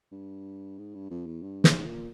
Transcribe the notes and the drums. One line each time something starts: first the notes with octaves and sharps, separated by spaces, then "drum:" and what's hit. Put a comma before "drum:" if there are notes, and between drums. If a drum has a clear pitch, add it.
G2
G#2
G2
F2
E2
G2
G#2, drum: snare
G#2
A#2